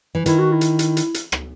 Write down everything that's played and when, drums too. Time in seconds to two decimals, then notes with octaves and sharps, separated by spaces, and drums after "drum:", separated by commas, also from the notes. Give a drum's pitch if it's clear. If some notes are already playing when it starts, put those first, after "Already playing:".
0.15 E3
0.26 D#3 E4, drum: hi-hat
0.39 F#4
0.52 E4
0.61 drum: hi-hat
0.79 drum: hi-hat
0.97 drum: hi-hat
1.14 drum: hi-hat
1.32 drum: rim click